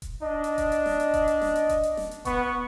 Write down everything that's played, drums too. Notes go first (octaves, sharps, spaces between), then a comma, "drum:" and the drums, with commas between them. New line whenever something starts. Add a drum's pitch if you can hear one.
drum: kick D#1, hi-hat
D4 D#5
drum: hi-hat
drum: kick D#1, hi-hat
drum: hi-hat
drum: snare
drum: hi-hat
drum: kick D#1, hi-hat
drum: hi-hat
drum: snare
drum: hi-hat
drum: kick D#1, hi-hat
drum: hi-hat
drum: snare
drum: hi-hat
B3 C#6, drum: kick D#1, hi-hat